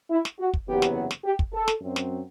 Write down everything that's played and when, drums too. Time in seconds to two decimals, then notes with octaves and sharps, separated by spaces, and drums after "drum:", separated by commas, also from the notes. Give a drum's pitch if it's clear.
0.10 E4
0.25 drum: snare
0.40 F#4
0.54 drum: kick
0.68 F#1 E2 C3 F#3 B3 G4
0.82 drum: snare
1.11 drum: snare
1.24 G4
1.39 drum: kick
1.53 A4
1.68 drum: snare
1.81 F#2 F#3 C4
1.96 drum: snare